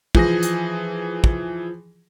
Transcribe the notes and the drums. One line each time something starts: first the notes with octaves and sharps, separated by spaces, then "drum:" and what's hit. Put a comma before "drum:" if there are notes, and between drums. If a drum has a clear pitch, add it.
E3 F3 G#4 A#6, drum: kick
drum: hi-hat
drum: kick